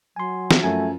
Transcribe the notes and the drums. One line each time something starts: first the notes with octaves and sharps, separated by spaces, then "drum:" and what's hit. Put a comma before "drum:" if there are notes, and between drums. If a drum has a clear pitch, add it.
F#3 G#5 C6
drum: snare
F#2 F3 A3 G#5